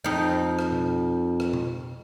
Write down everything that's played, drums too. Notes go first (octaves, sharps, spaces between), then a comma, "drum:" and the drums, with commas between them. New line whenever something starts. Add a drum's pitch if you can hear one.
F2 D#4
drum: rim click
drum: tom B2
drum: rim click
drum: tom B2